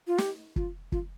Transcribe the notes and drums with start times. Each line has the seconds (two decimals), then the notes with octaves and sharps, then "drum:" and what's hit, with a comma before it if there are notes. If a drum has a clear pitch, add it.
0.07 F4
0.18 G4, drum: snare
0.56 F4, drum: kick
0.92 F4, drum: kick